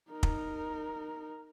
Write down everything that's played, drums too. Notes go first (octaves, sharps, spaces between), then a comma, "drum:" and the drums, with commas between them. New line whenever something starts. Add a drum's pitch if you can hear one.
D#4 A#4
drum: kick